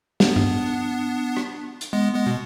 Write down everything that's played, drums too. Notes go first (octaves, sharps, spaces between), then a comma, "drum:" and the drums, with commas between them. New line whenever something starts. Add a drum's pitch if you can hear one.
B3 D4, drum: snare
drum: tom G2
drum: rim click
drum: hi-hat
G#3 B3
G#3 B3
B2